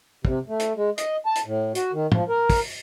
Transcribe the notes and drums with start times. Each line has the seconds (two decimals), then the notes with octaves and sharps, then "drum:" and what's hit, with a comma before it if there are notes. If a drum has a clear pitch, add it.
0.25 C3, drum: kick
0.48 A3
0.60 drum: hi-hat
0.76 G#3
0.98 D#5, drum: hi-hat
1.26 A5
1.36 drum: hi-hat
1.45 A2
1.75 F#4, drum: hi-hat
1.93 D#3
2.12 F3, drum: tom
2.29 A#4
2.50 drum: kick, open hi-hat